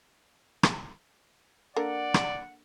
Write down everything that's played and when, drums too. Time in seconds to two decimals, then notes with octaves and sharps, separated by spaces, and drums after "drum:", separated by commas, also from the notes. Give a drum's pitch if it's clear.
0.63 drum: rim click
1.76 D3 A#3 A#4 D5 F#5
2.14 drum: rim click